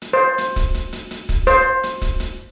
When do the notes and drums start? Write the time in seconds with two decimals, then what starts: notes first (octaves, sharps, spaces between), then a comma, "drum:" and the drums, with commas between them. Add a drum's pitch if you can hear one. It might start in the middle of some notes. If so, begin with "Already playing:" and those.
0.02 drum: hi-hat
0.13 C5
0.38 drum: hi-hat
0.56 drum: kick, hi-hat
0.74 drum: hi-hat
0.93 drum: hi-hat
1.11 drum: hi-hat
1.29 drum: kick, hi-hat
1.47 C5, drum: hi-hat
1.83 drum: hi-hat
2.02 drum: kick, hi-hat
2.20 drum: hi-hat